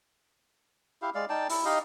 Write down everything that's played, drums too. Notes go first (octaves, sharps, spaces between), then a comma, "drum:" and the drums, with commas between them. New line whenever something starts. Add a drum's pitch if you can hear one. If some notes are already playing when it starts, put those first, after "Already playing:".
E4 G4 F5
G#3 D5 F5
D#4 D5 G5 A5
E4, drum: open hi-hat
D#4 G4 D#5 F5